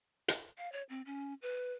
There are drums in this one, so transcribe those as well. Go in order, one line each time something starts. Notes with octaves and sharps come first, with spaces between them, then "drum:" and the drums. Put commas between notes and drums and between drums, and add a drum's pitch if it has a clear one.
drum: hi-hat
F5
C#5
C4
C#4
B4